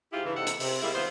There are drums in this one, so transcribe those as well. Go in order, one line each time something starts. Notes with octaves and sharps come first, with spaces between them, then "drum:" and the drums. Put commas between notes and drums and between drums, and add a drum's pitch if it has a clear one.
G#2 E4 F4 G4
G2 C#3 E3
E2 C3 D#4 A4 F#5
drum: hi-hat
C3, drum: open hi-hat
G3 G#3 A#3 E4
D#2 B3 F4 C5